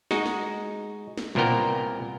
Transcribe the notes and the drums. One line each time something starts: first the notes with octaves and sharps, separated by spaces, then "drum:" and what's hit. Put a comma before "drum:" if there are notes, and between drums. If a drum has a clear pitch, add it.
G#3 D#4 F#4, drum: snare
drum: snare
drum: snare
C2 A#2 A#3 B3 A#4 G5, drum: tom